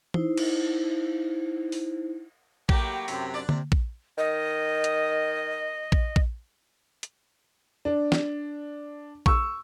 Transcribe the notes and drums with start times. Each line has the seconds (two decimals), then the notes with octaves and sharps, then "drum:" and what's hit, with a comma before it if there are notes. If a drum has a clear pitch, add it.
0.14 D#4 E4 C5, drum: tom E3
0.37 drum: cymbal
1.72 drum: open hi-hat
2.69 A2 F#3 A#3 G4, drum: kick A#1
3.08 F#2 C3, drum: open hi-hat
3.34 D4 D5
3.49 C3, drum: tom D3
3.72 drum: kick A#1
4.18 D#3 D#5
4.84 drum: hi-hat
5.92 drum: kick A#1
6.16 drum: kick A#1
7.03 drum: hi-hat
7.85 D4
8.12 drum: snare
9.26 C#6 E6, drum: kick A#1